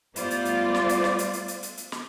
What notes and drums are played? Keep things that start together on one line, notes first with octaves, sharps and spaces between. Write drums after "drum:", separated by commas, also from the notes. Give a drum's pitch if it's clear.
G3 A3 B3 F4 C5 D5, drum: hi-hat
drum: hi-hat
drum: hi-hat
drum: snare
drum: hi-hat
drum: snare
drum: hi-hat
drum: hi-hat
drum: hi-hat
drum: hi-hat
drum: hi-hat
drum: snare